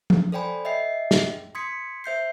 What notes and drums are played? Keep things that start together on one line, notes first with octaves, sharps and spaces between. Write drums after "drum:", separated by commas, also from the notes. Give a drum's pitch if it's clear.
drum: tom F3
A4 C5 D5 G5 G#5 B5
D#5 E5 G5 C7
drum: snare
C6 D#6 G#6 B6 C#7
C5 E5 G6 C7